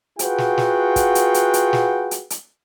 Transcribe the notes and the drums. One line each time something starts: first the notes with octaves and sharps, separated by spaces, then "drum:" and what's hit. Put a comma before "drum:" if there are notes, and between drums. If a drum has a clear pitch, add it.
F4 F#4 G#4 B4 F#5 G5, drum: hi-hat
drum: snare
drum: snare
drum: kick, hi-hat
drum: hi-hat
drum: hi-hat
drum: hi-hat
drum: snare
drum: hi-hat
drum: hi-hat